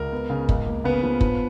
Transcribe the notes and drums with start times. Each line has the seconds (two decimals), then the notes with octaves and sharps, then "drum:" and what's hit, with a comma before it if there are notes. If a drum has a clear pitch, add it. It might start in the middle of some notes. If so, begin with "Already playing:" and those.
Already playing: C#2 A#4
0.12 B3
0.30 C#3
0.49 C#2, drum: kick
0.66 A#3
0.84 C#3 B3 B4
1.03 F3
1.21 F3, drum: kick